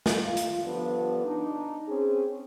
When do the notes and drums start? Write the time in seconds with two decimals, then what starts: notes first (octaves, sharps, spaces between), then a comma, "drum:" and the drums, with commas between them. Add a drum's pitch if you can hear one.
0.06 drum: snare
0.23 F4
0.37 drum: hi-hat
0.65 G2 D3 F3 B3 D4
1.25 D4 D#4
1.88 C4 C#4 G#4